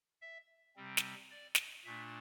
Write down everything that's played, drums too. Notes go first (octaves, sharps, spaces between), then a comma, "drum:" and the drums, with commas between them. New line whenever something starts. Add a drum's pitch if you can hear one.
E5
C3 G3 C4
drum: snare
D5
drum: snare
A#2 A3 D4 E5